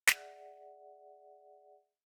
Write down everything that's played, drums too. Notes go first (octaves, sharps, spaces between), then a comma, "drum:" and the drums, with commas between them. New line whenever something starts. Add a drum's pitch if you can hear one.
G#4 D5 E5 F#5, drum: snare